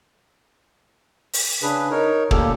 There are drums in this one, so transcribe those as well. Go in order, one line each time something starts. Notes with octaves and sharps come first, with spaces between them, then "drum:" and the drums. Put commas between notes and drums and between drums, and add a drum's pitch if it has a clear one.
drum: open hi-hat
C#3 D4 G#4 B4
D#4 A#4 C#5
D2 A#2 C#3 A#3 G4 A4, drum: kick